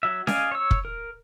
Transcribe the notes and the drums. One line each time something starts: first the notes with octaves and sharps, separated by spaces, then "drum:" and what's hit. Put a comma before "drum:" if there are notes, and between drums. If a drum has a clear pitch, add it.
F#3 E5
D5 D#5 F5 G#5, drum: snare C#4
C#5 E6
drum: kick
A#4